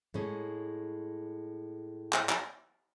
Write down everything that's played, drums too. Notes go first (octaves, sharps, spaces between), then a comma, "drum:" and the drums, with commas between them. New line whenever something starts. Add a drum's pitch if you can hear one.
A2 G#3 C#4
drum: clap
drum: clap